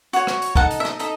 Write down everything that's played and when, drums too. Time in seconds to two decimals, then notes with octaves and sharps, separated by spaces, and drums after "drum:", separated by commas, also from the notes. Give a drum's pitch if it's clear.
0.13 F#4 C#5, drum: hi-hat
0.27 drum: rim click
0.42 drum: hi-hat
0.55 D#4 A4 D#5 F#5, drum: kick
0.70 drum: hi-hat
0.80 E5
0.85 D#5, drum: rim click
0.99 D#4 A4 D#5 E5, drum: hi-hat